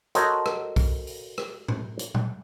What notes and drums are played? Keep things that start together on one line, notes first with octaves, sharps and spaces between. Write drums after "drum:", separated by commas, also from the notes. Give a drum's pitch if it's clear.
F#4 A4 A#4 C5 C#5 D#5, drum: hi-hat
drum: rim click
drum: kick B1, open hi-hat
drum: open hi-hat
drum: rim click
drum: tom
drum: hi-hat
drum: tom